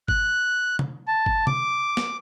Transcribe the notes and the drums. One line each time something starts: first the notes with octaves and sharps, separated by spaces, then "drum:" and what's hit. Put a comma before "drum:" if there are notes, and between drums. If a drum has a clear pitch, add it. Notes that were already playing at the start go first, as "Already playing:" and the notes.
F#6, drum: kick G1
drum: tom C3
A5
drum: kick G1
D6, drum: tom C3
drum: snare